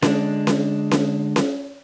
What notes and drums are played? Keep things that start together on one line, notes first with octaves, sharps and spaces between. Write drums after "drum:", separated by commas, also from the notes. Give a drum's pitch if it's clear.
D3 G#3 D4, drum: snare C#4
drum: snare C#4
drum: snare C#4
drum: snare C#4